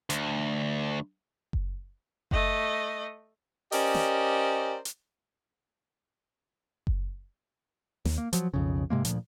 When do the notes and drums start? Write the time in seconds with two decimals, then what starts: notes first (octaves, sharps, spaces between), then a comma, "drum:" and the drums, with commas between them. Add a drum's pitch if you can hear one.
0.10 D2, drum: hi-hat
1.53 drum: kick F#1
2.31 A3 D#5, drum: kick F#1
3.72 C#4 G4 A#4 C5 D5 D#5, drum: open hi-hat
3.95 drum: snare
4.85 drum: hi-hat
6.87 drum: kick F#1
8.05 D#2, drum: snare
8.18 A#3
8.33 F3 F#3, drum: hi-hat
8.54 B1 F2 C#3
8.90 G#2 C3 G#3 A#3
9.05 D2 A#2 F3, drum: hi-hat